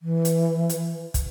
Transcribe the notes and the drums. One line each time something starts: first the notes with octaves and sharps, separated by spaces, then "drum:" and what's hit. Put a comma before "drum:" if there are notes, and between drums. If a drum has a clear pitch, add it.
E3
drum: hi-hat
drum: hi-hat
drum: kick, hi-hat